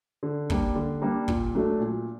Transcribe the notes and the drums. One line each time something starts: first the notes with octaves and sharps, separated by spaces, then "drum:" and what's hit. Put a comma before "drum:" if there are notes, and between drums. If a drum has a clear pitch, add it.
D3
G3 A#3 D4, drum: kick
D3
G3 A#3 D4
A#2, drum: kick
F#3 A3 D4
A#2